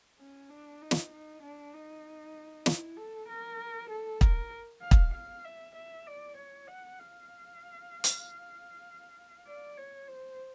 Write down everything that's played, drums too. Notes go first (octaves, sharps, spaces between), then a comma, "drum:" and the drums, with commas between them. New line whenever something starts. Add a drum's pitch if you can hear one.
C#4
D4
D#4
drum: snare
D#4
D4
D#4
E4, drum: snare
A4
A#4
A4
A#4, drum: kick
F5
drum: kick
F5
E5
E5
D5
C#5
F#5
F5
drum: hi-hat
D5
C#5
C5